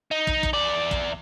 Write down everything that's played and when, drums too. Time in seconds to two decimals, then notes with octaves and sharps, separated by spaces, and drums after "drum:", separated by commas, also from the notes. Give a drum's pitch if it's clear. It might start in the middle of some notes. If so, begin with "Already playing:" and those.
0.11 D#4
0.27 drum: kick
0.43 drum: kick
0.53 E2 D5
0.91 drum: kick